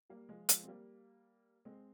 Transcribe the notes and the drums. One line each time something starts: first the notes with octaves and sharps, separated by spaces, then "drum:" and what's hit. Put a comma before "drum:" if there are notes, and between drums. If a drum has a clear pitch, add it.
G3 A#3
F3 G#3
F3 G#3, drum: hi-hat
C4
G3 A#3
G#3 C4